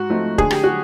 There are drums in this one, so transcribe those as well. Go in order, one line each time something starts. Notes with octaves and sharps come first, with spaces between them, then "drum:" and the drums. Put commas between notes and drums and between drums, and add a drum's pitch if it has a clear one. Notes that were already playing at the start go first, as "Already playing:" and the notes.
Already playing: G#2 F#4
F3 A3 C4 D#4
D3 G#4, drum: kick
G4, drum: rim click
F#3 F#4